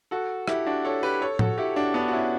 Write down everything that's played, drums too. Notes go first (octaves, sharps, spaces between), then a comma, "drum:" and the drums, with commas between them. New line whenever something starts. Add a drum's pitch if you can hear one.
F#4 A4
E4 G4, drum: rim click
D4 F#4
A4 C#5
G4 B4
A4 C#5
F#4 A4, drum: tom A2
E4 G4
D4 F#4
B3 D4
F#4
C#4 E4